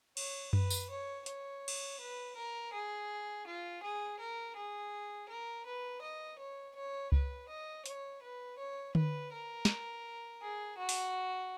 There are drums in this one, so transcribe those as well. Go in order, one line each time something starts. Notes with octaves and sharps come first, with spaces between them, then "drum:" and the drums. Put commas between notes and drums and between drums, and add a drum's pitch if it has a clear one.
C#5, drum: cymbal
B4, drum: tom F#2
drum: tambourine
C#5
C#5, drum: hi-hat
drum: cymbal
B4
A#4
G#4
F4
G#4
A#4
G#4
A#4
B4
D#5
C#5
C#5
B4, drum: kick C#2
D#5
C#5, drum: hi-hat
B4
C#5
B4, drum: tom D3
A#4
drum: snare
G#4
F#4
drum: open hi-hat